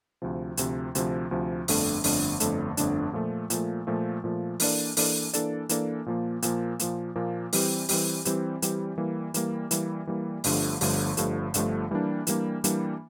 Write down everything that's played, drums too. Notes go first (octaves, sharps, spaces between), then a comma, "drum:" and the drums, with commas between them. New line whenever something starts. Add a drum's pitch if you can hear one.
D2 C3 F3
D2 C3 F3, drum: hi-hat
D2 C3 F3, drum: hi-hat
D2 C3 F3
G1 F2 D3 A3 D4, drum: open hi-hat
G1 F2 D3 A3 D4, drum: open hi-hat
G1 F2 D3 A3 D4, drum: hi-hat
G1 F2 D3 A3 D4, drum: hi-hat
A#2 F3 A3
A#2 F3 A3, drum: hi-hat
A#2 F3 A3
A#2 F3 A3
E3 A#3 D4 A4 D5, drum: open hi-hat
E3 A#3 D4 A4 D5, drum: open hi-hat
E3 A#3 D4 A4 D5, drum: hi-hat
E3 A#3 D4 A4 D5, drum: hi-hat
A#2 F3 A#3
A#2 F3 A#3, drum: hi-hat
A#2 F3 A#3, drum: hi-hat
A#2 F3 A#3
E3 G3 C4 G4, drum: open hi-hat
E3 G3 C4 G4, drum: open hi-hat
E3 G3 C4 G4, drum: hi-hat
E3 G3 C4 G4, drum: hi-hat
E3 G3 A#3
E3 G3 A#3, drum: hi-hat
E3 G3 A#3, drum: hi-hat
E3 G3 A#3
G1 G2 D3 F3 A3, drum: open hi-hat
G1 G2 D3 F3 A3, drum: open hi-hat
G1 G2 D3 F3 A3, drum: hi-hat
G1 G2 D3 F3 A3, drum: hi-hat
E3 G3 A#3 D4
E3 G3 A#3 D4, drum: hi-hat
E3 G3 A#3 D4, drum: hi-hat